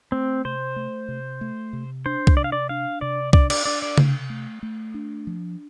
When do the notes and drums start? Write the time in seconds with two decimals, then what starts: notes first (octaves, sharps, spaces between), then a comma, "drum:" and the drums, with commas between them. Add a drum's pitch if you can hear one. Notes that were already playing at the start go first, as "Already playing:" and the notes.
0.12 A3 C4
0.45 C3 C5
0.76 A3
1.08 C3
1.41 A3
1.73 C3
2.06 D4 C5
2.27 drum: kick C2
2.37 C3 D5
2.44 F5
2.52 D5
2.69 D4 F5
3.01 C3 D5
3.33 D4 D5, drum: kick C2
3.50 D5, drum: cymbal
3.65 D4 D5
3.82 D5
3.98 C3, drum: tom C#3
4.30 A3
4.63 A3
4.94 D4
5.27 F3